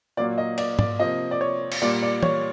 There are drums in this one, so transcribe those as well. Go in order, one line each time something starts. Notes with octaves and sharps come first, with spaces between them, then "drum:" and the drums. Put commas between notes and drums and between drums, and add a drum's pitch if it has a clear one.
A#2 F#3 A#3 D5
D#5
D5, drum: cymbal
D5, drum: tom
C3 F3 A#3 D#5
D5
C#5
drum: cymbal
A#2 G3 A#3 D5
D5
C#5, drum: tom